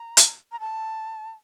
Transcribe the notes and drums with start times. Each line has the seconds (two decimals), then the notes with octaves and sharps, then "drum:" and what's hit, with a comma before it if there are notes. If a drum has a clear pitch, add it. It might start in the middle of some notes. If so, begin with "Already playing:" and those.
Already playing: A#5
0.17 drum: hi-hat
0.52 A#5
0.60 A5